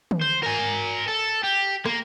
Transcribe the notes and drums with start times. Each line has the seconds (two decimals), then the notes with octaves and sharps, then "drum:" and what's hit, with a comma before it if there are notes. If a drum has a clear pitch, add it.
0.11 drum: tom
0.21 C5
0.43 A#4 G#5
1.09 A4
1.43 G4
1.86 A#3, drum: rim click